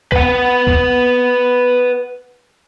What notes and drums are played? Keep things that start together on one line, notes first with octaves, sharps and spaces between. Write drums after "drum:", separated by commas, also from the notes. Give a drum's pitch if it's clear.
B4 F#5, drum: kick C2
drum: kick C2